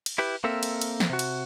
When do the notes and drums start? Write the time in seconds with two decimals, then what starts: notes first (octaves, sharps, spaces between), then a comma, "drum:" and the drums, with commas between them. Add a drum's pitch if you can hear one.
0.06 drum: cymbal
0.18 E4 G4 B4
0.44 A#3 C4 A4 A#4 E5
0.63 drum: cymbal
0.81 drum: cymbal
1.00 drum: snare
1.10 C3 F#4
1.19 drum: cymbal